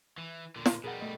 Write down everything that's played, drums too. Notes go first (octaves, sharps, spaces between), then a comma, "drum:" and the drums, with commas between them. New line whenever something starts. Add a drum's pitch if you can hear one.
E3
A#2 D3
drum: snare
B2 G3 G#4 A#4 F#5
A3 D#5